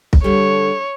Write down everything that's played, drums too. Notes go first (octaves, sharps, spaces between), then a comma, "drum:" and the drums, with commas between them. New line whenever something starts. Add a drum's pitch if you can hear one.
drum: kick
D3 G3 A4 C#5